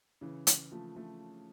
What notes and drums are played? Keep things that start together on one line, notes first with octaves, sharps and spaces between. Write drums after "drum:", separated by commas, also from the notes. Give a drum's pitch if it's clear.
C#3 E3
drum: hi-hat
F3 A3
F3 A3